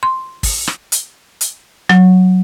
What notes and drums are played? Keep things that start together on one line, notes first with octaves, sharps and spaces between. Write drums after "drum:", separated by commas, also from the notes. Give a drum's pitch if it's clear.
C6
drum: kick, open hi-hat
drum: rim click
drum: hi-hat
drum: hi-hat
F#3, drum: rim click